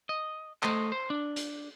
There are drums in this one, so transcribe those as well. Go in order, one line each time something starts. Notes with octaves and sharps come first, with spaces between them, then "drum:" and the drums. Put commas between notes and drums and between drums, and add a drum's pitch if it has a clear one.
D#5
A3 C5 D#5, drum: clap
C5
D4
drum: hi-hat